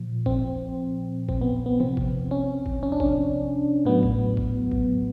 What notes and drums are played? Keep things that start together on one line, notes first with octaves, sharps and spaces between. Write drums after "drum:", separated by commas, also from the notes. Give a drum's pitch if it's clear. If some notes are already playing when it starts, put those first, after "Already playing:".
Already playing: A#2 F3
C4, drum: kick G#1
C4, drum: kick G#1
B3
B3
C3 F3 C4
drum: kick G#1
C#4
drum: kick G#1
C#4
D4
C#4, drum: kick G#1
A2 F#3 B3
drum: kick G#1
drum: kick G#1
drum: kick G#1